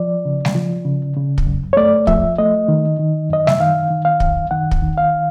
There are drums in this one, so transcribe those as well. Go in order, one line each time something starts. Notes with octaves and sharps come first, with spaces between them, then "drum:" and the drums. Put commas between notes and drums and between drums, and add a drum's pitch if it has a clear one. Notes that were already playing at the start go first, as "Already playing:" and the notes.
Already playing: F3 D5
C#3
drum: snare G3
F3
C#3
C#3
drum: kick
F#2
C#5
A3 D5
F3 E5, drum: kick
A3 D#5
D#3
D#3
F#2 D#5
E5, drum: snare G3
D#3 F5
D#3
F5
F#2, drum: kick
D#3 F#5
drum: kick
D#3
F5